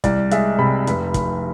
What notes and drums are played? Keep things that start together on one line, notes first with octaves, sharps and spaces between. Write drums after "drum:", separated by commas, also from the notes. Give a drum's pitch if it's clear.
C2 D5, drum: kick, hi-hat
G#3 E5, drum: hi-hat
C3 B5
F1, drum: hi-hat
F1, drum: kick, hi-hat